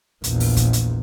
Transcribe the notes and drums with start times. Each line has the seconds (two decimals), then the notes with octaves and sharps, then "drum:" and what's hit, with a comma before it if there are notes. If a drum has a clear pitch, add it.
0.24 A#1 E2, drum: hi-hat
0.40 drum: open hi-hat
0.57 drum: kick F1, hi-hat
0.73 drum: hi-hat